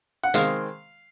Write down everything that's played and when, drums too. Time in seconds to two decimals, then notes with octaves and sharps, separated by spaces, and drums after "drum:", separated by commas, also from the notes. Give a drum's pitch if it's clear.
0.24 F#5
0.34 D#3 G#3 C4 F5, drum: hi-hat